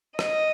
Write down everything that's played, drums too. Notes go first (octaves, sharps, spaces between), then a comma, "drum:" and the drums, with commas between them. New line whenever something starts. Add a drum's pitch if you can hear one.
D#5, drum: rim click